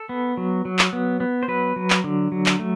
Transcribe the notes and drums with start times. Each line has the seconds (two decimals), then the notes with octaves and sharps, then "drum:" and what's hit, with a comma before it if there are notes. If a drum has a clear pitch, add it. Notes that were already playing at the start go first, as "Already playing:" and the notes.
Already playing: A4
0.09 B3
0.37 F#3
0.65 F#3
0.79 drum: clap
0.93 B3
1.20 B3
1.43 C5
1.48 F#3 B4
1.76 F#3
1.90 drum: clap
2.04 D3
2.32 F#3
2.46 drum: clap
2.59 A3